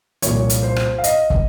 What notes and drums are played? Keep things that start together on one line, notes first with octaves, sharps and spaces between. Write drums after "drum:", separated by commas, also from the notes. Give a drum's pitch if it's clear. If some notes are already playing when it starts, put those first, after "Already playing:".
C2 A#2 F3 C#5, drum: hi-hat
drum: hi-hat
C5
drum: rim click
F5
D#5, drum: hi-hat
drum: kick